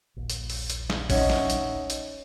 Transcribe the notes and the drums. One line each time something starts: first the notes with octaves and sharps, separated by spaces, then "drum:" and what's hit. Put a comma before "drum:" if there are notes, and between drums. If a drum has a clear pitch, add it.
D#1 A#1
drum: hi-hat
drum: open hi-hat
drum: hi-hat
drum: snare
C#4 D#4 E5 F#5, drum: kick, open hi-hat
drum: snare
drum: hi-hat
drum: hi-hat